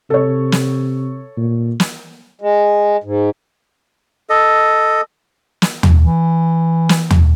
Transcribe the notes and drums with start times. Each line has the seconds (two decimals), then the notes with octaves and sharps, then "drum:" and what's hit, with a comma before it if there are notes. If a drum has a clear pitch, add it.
0.10 C3 A4 C#5
0.52 drum: snare
1.37 A#2
1.80 drum: snare
2.41 G#3
3.04 G#2
4.29 A4 D#5
5.62 drum: snare
5.83 drum: tom
5.98 E3
6.89 drum: snare
7.10 drum: tom